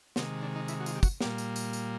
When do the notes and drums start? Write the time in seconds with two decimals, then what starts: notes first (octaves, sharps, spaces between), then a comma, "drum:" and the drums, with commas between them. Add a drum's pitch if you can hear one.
0.16 C3 D#3 G#3 C4, drum: snare
0.43 D4
0.56 D#4
0.68 E4, drum: tambourine
0.80 F#4
0.86 F4, drum: tambourine
0.95 G4
1.03 F#4, drum: kick, tambourine
1.21 A#2 G3 A#3 G4, drum: snare
1.38 drum: tambourine
1.56 drum: tambourine
1.73 drum: tambourine